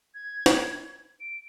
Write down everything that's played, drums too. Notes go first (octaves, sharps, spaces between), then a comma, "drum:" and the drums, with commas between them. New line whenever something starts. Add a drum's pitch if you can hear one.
G#6
drum: snare
D7